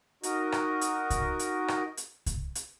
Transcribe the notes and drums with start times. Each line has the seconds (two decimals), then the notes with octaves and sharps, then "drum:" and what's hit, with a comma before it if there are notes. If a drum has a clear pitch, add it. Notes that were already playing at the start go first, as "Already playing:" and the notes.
0.23 D#4 F#4 A#4 D#5, drum: hi-hat
0.52 drum: rim click
0.81 drum: hi-hat
1.10 drum: kick C2, hi-hat
1.39 drum: hi-hat
1.68 drum: rim click
1.97 drum: hi-hat
2.26 drum: kick C2, hi-hat
2.55 drum: hi-hat